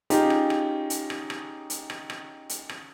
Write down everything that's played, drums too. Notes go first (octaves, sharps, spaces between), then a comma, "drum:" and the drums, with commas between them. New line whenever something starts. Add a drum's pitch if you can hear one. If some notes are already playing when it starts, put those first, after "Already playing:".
C#4 D#4 F4 G4 G#4, drum: hi-hat
drum: rim click
drum: rim click
drum: hi-hat
drum: rim click
drum: rim click
drum: hi-hat
drum: rim click
drum: rim click
drum: hi-hat
drum: rim click